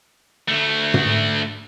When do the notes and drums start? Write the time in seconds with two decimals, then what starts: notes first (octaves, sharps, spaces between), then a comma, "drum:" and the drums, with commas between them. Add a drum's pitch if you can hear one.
0.48 D2 A3
0.94 drum: tom